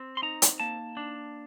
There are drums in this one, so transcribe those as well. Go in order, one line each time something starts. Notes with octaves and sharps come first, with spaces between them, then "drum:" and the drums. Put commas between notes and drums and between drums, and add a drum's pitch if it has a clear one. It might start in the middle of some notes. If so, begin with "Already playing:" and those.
Already playing: C4
C6
D#4 A#5
drum: hi-hat
A#3 A5
D4